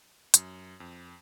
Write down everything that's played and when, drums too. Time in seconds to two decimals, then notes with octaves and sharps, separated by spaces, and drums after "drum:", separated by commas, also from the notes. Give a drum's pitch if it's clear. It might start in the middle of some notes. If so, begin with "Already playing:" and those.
0.34 F#2, drum: hi-hat
0.80 F2